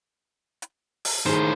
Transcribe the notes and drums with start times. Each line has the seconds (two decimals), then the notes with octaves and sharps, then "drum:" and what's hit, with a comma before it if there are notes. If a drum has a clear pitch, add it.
0.62 drum: hi-hat
1.05 drum: open hi-hat
1.26 A2 D#3 G#4 C5